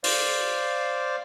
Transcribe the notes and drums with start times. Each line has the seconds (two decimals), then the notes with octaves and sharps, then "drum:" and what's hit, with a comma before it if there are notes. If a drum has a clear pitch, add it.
0.04 C5 D5 F5, drum: open hi-hat